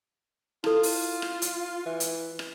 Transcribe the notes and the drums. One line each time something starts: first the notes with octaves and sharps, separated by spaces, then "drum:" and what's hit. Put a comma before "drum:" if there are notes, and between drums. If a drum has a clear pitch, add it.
E4 F4 A4, drum: rim click
drum: open hi-hat
drum: rim click
drum: hi-hat
E3
drum: hi-hat
drum: rim click